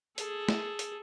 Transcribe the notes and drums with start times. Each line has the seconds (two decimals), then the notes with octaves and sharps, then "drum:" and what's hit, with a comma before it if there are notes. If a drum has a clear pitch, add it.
0.18 G#4 A4, drum: hi-hat
0.49 drum: snare
0.79 drum: hi-hat